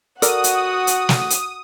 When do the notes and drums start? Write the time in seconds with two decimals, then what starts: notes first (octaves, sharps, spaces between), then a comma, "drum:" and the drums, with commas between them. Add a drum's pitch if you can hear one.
0.22 F#4 A4 A#4 D5 F#5 D#6, drum: hi-hat
0.44 drum: hi-hat
0.87 drum: hi-hat
1.09 drum: snare
1.30 drum: hi-hat